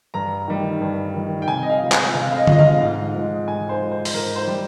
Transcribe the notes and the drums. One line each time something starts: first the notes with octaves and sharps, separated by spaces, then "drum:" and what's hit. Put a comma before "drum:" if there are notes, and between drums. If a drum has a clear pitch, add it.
G2 A#5
D#3 G3
G2
D#3 G3
G5
C3 G#5
D#5
F5
F3 G#3
G#5, drum: clap
C3 F5
F5
D#5
F3 G#3 D#5, drum: tom D3
F5
G#2
F3 G#3
G#2 G#5
C5
F3 G#3
C5
C5, drum: open hi-hat
G#2 A#4
C5
G3